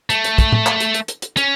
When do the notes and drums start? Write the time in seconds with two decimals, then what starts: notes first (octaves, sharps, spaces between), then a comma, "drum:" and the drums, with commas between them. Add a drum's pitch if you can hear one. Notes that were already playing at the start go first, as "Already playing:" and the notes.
0.10 A3, drum: hi-hat
0.24 drum: hi-hat
0.38 drum: kick, hi-hat
0.52 drum: tom A2
0.66 drum: clap
0.80 drum: hi-hat
0.94 drum: hi-hat
1.08 drum: hi-hat
1.22 drum: hi-hat
1.37 C#4, drum: hi-hat